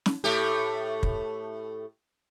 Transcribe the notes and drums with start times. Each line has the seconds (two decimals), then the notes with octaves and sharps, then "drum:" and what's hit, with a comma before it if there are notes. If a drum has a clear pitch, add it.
0.06 drum: snare
0.24 A2 A3 G4
1.03 drum: kick